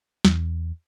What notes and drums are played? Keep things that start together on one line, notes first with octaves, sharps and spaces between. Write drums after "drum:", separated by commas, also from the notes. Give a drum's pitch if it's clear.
E2, drum: snare